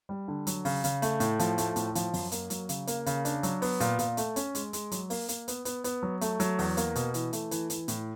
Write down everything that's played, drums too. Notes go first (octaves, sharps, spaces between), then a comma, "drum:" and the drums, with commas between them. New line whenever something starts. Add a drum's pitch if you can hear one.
G3
D3
F#3, drum: hi-hat
C#3, drum: open hi-hat
C#3, drum: hi-hat
A3, drum: hi-hat
A2, drum: hi-hat
F3, drum: hi-hat
A3, drum: hi-hat
A2, drum: hi-hat
F3, drum: hi-hat
F#2, drum: open hi-hat
A#3, drum: hi-hat
F#3, drum: hi-hat
C#3, drum: hi-hat
A#3, drum: hi-hat
C#3, drum: hi-hat
D4, drum: hi-hat
F#3, drum: hi-hat
B3, drum: open hi-hat
A#2, drum: hi-hat
A#2, drum: hi-hat
A3, drum: hi-hat
C#4, drum: hi-hat
G#3, drum: hi-hat
G#3, drum: hi-hat
F#3, drum: hi-hat
A#3, drum: open hi-hat
A#3, drum: hi-hat
B3, drum: hi-hat
B3, drum: hi-hat
B3, drum: hi-hat
F#3
A3, drum: hi-hat
F#3, drum: hi-hat
E2, drum: open hi-hat
A#3, drum: hi-hat
B2, drum: hi-hat
E3, drum: hi-hat
A3, drum: hi-hat
E3, drum: hi-hat
E3, drum: hi-hat
A2, drum: hi-hat